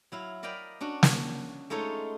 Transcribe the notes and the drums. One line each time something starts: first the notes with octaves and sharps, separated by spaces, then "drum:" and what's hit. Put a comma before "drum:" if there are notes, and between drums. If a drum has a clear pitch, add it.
F#3 E4 F5
A#4 D5 D#5 F5 G5 B5
C#4 D4 F#4
drum: snare
G#3 A3 D#4 F4 A4 C#5